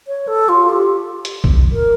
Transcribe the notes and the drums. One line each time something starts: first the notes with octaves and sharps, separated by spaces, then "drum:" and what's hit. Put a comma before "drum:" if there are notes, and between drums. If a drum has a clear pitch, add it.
C#5
A4
F4
G4
drum: hi-hat
drum: kick
A#4